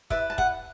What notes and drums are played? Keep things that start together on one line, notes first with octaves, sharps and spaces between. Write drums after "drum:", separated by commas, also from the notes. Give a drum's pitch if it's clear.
E4 B4 D5 E5, drum: kick
A5
F#5, drum: kick